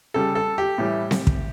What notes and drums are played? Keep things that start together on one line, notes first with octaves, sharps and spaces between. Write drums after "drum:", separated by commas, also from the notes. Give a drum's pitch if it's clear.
C#3 G3 A4
A4
G4
A2 E3 G3
drum: snare C4
drum: kick